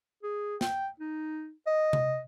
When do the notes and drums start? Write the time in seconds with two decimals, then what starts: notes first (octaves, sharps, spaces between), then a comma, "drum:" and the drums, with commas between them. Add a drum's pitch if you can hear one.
0.23 G#4
0.61 G5, drum: snare
1.00 D#4
1.67 D#5
1.93 drum: tom C3